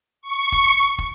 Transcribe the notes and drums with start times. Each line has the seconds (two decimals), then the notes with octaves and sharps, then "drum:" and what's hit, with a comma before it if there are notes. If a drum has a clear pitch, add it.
0.21 C#6
0.52 drum: kick
0.98 drum: kick